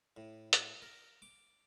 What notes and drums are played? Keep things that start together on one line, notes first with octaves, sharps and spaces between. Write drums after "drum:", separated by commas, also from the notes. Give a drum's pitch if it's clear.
A2
drum: hi-hat
A#4
D6